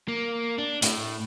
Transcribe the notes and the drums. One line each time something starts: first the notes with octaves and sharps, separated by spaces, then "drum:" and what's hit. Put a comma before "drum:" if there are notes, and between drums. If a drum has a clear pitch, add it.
A#3
D4
A2, drum: hi-hat